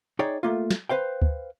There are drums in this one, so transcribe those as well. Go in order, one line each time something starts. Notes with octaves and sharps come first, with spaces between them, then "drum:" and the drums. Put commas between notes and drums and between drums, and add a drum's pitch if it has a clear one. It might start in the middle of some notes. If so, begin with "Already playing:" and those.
D#4 G#4 C#5 D5 G5
A3 A#3 F4
drum: snare
B4 C5 F5 G5
drum: kick D2